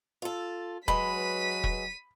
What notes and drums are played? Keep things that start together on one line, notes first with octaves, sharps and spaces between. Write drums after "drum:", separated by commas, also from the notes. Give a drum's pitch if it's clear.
F4 A4
F#3 G#3 B4 B5 B6 D#7, drum: kick E1
drum: kick E1